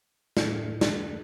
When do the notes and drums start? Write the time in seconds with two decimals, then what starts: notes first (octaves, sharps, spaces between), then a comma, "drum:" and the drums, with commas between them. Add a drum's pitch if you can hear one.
0.37 A2, drum: snare
0.81 drum: snare